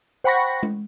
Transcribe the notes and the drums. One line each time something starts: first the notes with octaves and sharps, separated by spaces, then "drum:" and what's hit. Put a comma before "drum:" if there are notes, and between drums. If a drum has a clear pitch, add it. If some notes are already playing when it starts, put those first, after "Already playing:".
C5 F#5 G5 B5 C#6 A#6
drum: tom G#3